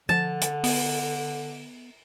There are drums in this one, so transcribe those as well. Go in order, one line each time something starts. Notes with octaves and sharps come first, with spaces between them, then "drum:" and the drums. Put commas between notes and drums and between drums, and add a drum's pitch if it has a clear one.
D3 F3 A5
drum: hi-hat
B3, drum: open hi-hat